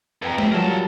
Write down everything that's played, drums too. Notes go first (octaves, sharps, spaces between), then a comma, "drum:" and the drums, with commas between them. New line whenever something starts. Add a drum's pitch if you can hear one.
F2 B4 G5 A#5
G#4 E5, drum: tom G#3
F#3 G3 F4 A#4 A5